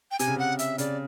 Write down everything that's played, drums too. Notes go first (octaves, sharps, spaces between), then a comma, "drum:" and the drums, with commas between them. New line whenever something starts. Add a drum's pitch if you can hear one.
G5
C3 G#5, drum: hi-hat
C#3
C3 F#5
E5, drum: hi-hat
C#3 D5, drum: hi-hat